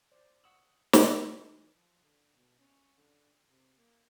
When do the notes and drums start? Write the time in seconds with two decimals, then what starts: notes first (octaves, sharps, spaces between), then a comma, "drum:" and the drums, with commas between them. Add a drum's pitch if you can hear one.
0.12 C5 D5
0.44 F#5 C#6 D#6 E6 F#7
0.93 drum: snare
1.54 E3
1.73 F3
2.02 D3
2.36 B2
2.59 C#4
2.98 D3
3.50 C3
3.76 A#3